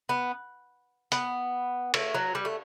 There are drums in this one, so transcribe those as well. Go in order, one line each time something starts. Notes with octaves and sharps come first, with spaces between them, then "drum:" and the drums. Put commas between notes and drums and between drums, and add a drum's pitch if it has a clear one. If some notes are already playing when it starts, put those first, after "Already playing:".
B3
B3, drum: hi-hat
A3, drum: cymbal
F#3
G3
A3